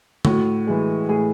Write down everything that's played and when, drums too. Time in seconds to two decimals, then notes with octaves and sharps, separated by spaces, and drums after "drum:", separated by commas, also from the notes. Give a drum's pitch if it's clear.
0.25 A2 F#4, drum: tom
0.67 E3 G#3
1.09 A2 G#4